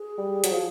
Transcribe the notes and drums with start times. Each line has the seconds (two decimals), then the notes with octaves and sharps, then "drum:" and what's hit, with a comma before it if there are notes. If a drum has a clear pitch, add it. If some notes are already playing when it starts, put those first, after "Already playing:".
Already playing: G#4
0.18 G3
0.44 F#3, drum: hi-hat
0.51 F3